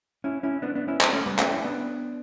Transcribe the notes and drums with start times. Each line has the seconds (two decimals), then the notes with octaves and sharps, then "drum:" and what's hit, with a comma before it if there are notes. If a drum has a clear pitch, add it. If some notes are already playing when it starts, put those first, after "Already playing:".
0.24 C#4 E4
0.43 C#4 E4
0.62 B3 D4
0.75 B3 D4
0.88 C#4 E4
1.01 drum: clap
1.13 A3 C#4
1.26 G3 B3
1.39 A3 C#4, drum: clap
1.51 C#4 E4
1.64 B3 D4